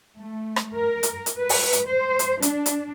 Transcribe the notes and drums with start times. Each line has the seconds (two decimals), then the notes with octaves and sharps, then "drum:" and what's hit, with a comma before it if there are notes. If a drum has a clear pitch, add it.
0.17 A3
0.56 drum: rim click
0.75 A#4
1.03 drum: hi-hat
1.26 drum: hi-hat
1.39 B4
1.49 drum: open hi-hat
1.73 drum: hi-hat
1.88 C5
2.19 drum: hi-hat
2.42 D4, drum: hi-hat
2.66 drum: hi-hat